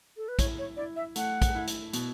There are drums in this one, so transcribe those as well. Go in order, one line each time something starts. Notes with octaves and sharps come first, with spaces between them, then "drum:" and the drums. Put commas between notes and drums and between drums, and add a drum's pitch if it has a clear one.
A4
B4
E4 C#5, drum: kick, hi-hat
C#5
E4 D5
E5
A3 F#5, drum: hi-hat
drum: kick, hi-hat
E4
drum: hi-hat
B2, drum: hi-hat